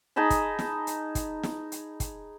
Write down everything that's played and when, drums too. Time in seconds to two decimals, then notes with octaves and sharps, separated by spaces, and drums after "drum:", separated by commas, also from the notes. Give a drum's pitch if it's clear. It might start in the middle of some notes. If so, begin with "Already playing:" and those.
0.16 D#4 G#4 A5 B5
0.30 drum: kick, hi-hat
0.59 drum: snare
0.87 drum: hi-hat
1.15 drum: kick, hi-hat
1.43 drum: snare
1.72 drum: hi-hat
2.00 drum: kick, hi-hat